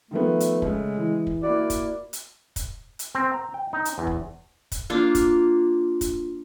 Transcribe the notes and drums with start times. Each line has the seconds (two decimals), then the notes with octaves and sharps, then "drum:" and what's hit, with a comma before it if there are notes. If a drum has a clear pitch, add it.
0.11 D#3 F3 A3 B3
0.40 drum: hi-hat
0.62 C#3 G#3 A3, drum: kick
0.97 E3
1.27 drum: kick
1.43 A#3 E4 F#4 D5
1.70 drum: kick, hi-hat
2.13 drum: hi-hat
2.56 drum: kick, hi-hat
2.99 drum: hi-hat
3.15 C4
3.34 A#5
3.54 G5
3.73 D#4
3.85 drum: hi-hat
3.98 E2
4.07 drum: kick
4.72 drum: kick, hi-hat
4.90 A#3 D4 F4
5.15 drum: kick, hi-hat
6.01 drum: kick, hi-hat